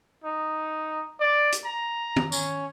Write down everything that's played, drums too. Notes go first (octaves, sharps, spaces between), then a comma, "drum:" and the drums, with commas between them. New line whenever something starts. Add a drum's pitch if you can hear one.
D#4
D5
drum: hi-hat
A#5
drum: tom
C#4, drum: tambourine